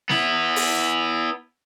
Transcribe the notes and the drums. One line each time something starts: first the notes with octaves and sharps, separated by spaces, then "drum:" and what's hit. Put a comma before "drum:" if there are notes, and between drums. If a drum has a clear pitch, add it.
B3 E4, drum: snare
drum: open hi-hat